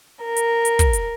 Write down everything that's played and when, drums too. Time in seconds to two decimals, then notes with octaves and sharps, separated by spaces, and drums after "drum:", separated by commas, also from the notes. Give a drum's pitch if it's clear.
0.22 A#4
0.36 drum: hi-hat
0.65 drum: hi-hat
0.79 drum: kick, hi-hat
0.93 drum: hi-hat